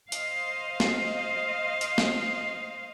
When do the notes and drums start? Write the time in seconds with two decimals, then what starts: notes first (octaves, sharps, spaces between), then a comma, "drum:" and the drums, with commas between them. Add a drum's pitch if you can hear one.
0.12 C5 D#5 F5, drum: hi-hat
0.80 drum: snare
1.81 drum: hi-hat
1.98 drum: snare